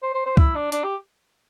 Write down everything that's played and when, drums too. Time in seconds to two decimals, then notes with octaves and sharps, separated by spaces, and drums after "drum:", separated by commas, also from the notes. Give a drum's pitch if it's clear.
0.03 C5
0.14 C5
0.26 C5
0.37 E4, drum: kick C#2
0.55 D4
0.72 D4, drum: hi-hat
0.84 G4